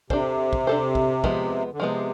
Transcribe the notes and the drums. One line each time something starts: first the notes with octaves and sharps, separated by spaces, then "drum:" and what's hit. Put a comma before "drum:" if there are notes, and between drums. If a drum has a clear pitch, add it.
C3 D4 A4 C5, drum: kick
drum: kick
D4 A4 C5
drum: kick
F3 G#3 B3, drum: kick
D3
C3 F3 G#3 B3